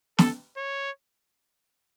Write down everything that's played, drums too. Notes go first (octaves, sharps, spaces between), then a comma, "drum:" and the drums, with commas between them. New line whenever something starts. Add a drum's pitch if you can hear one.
A4, drum: snare
C#5